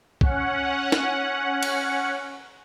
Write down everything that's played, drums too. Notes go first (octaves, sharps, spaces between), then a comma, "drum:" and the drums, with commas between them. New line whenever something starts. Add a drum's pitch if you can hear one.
C#4 F#5, drum: kick B1
drum: snare
drum: cymbal